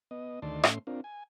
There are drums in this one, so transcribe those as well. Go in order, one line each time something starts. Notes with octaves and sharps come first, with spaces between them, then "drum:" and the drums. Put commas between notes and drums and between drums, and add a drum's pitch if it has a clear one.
B3 D#5
D2 D#3 A3 D5 A5 C6
A2 A3 C#4 C6, drum: rim click
C4 D4 F4 A#4
G#5